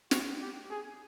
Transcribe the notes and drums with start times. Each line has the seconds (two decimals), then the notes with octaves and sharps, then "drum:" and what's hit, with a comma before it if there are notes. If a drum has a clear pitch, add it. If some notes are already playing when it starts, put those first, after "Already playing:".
0.11 F#4, drum: snare
0.41 G4
0.70 G#4